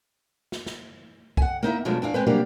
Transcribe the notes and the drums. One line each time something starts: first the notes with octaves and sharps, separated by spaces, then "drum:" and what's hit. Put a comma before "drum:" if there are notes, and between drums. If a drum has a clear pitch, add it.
drum: snare
drum: snare
F#5 G#5, drum: kick C2
A#3 D#4 E4 E5
B2 F3 F#3 G#3 A3 D4
E2 D4 E4 F5
G#3 C4 B4
C3 F#3 G3 A#3 D4 G4